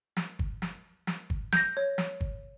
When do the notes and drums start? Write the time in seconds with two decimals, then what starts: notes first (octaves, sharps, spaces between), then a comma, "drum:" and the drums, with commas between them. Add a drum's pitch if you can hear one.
0.17 drum: snare
0.39 drum: kick
0.62 drum: snare
1.07 drum: snare
1.30 drum: kick
1.53 G6 A#6, drum: snare
1.77 C#5
1.98 drum: snare
2.21 drum: kick